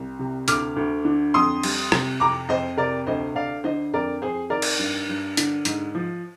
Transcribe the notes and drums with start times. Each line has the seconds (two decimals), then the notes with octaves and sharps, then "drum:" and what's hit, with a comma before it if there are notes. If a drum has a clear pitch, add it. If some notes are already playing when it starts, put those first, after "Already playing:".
Already playing: C2
0.19 C3
0.48 D2 D6 F6, drum: hi-hat
0.76 D2
1.05 D3
1.34 F2 C6 D#6
1.63 G3, drum: cymbal
1.92 C3, drum: rim click
2.20 F2 A#5 D6
2.49 F2 C5 D#5
2.77 C3 A#4 D5
3.07 D2 C5 D#5
3.35 D2 D5 F5
3.64 D3 C5 D#5
3.93 F2 A#4 D5
4.22 F2 G#4 C5
4.50 D#3 A#4 D5
4.62 drum: cymbal
4.79 G2
5.09 G2
5.37 D3, drum: hi-hat
5.65 G#2, drum: hi-hat
5.95 F3